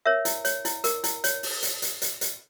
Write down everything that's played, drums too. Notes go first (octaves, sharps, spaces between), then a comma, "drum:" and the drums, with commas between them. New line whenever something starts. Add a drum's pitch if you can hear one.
A#4 C#5 E5
E4, drum: hi-hat
C#5, drum: hi-hat
E4, drum: hi-hat
A#4, drum: hi-hat
E4, drum: hi-hat
C#5, drum: hi-hat
drum: open hi-hat
drum: hi-hat
drum: hi-hat
drum: hi-hat
drum: hi-hat